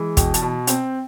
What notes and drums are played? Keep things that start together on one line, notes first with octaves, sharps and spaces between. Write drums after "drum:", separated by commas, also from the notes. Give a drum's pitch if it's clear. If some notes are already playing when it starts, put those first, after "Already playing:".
Already playing: E3 G#3
B2 G5, drum: kick, hi-hat
A5, drum: hi-hat
B2
C4 G5, drum: hi-hat